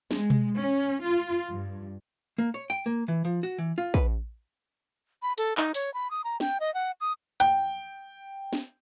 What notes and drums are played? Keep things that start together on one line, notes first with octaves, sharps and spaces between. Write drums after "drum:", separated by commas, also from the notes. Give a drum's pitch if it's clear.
G#3, drum: snare
drum: tom B2
C#4
F4
G2
A#3
C#5
G5
A#3
E3
F3
F#4
E3
F4
B4, drum: kick
B5
A4, drum: hi-hat
D#4, drum: clap
C#5, drum: open hi-hat
B5
D#6
A#5
G5, drum: snare
D#5
F#5
D#6
G5, drum: hi-hat
drum: snare